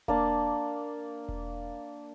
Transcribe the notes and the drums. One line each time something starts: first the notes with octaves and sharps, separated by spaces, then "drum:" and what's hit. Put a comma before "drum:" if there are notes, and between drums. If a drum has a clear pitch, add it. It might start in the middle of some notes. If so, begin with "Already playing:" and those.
A#3 D4, drum: kick E1
drum: kick E1